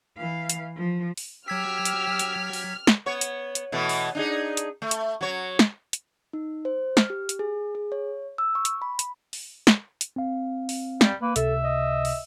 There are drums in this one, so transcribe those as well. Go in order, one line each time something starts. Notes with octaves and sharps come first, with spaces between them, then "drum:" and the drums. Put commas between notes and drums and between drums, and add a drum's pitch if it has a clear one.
E3 F5
drum: hi-hat
F3
drum: open hi-hat
F#3 G4 E6 F6 G#6 B6
drum: hi-hat
drum: hi-hat
drum: open hi-hat
drum: snare
B3 C#5
drum: hi-hat
drum: hi-hat
B2 E3 A3
drum: open hi-hat
D4 D#4 G#4
drum: hi-hat
A3
drum: hi-hat
F#3 C#5
drum: snare
drum: hi-hat
D#4
C5
F6, drum: snare
G4
drum: hi-hat
G#4
G#4
C#5
E6
C#6
drum: hi-hat
B5
drum: hi-hat
drum: open hi-hat
drum: snare
drum: hi-hat
C4 F5
drum: open hi-hat
G3, drum: snare
A#3 B4
C#2 C3 A4 E5, drum: hi-hat
D#5
drum: open hi-hat